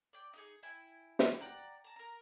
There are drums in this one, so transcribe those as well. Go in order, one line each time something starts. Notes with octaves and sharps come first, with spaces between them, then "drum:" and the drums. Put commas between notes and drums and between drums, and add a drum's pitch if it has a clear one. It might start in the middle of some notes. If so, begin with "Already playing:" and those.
D5 G5
D#4 G4 G#4
E4 E5 G5 G#5
drum: snare
D5 F#5 G5 A#5
A5 A#5
A#4 A#5